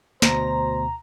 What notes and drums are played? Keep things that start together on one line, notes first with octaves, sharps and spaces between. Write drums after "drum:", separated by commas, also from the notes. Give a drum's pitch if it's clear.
D2 B2 C5 A#5 A#6, drum: snare